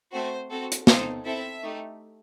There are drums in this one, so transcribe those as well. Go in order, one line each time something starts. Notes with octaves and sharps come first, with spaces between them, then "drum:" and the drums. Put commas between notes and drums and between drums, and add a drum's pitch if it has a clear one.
A3 C4 F#4 C5
C4 F#4 A4
drum: hi-hat
C4 D#4 A4 C5, drum: snare
C4 E4 A4 E5
A3 D#4 G4